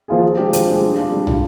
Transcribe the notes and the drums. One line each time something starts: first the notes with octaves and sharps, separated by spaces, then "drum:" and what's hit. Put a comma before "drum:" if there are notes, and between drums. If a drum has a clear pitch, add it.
F3 A#3 F4 G#4
F3
G#3 D4 G4
F3, drum: hi-hat
G#3 D4 G4
G3
D4 F4
G3
D4 F4, drum: tom